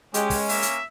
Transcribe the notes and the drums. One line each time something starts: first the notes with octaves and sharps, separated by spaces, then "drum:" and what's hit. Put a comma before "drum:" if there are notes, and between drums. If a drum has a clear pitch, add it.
G#3 C#4 G4, drum: hi-hat
drum: kick, open hi-hat
A#3 E5, drum: open hi-hat
drum: hi-hat